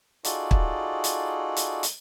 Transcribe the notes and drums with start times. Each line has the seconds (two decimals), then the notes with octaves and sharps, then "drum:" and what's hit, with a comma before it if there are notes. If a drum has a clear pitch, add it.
0.24 D#4 F4 F#4 G#4 A4 D5, drum: hi-hat
0.51 drum: kick
1.04 drum: hi-hat
1.56 drum: hi-hat
1.83 drum: hi-hat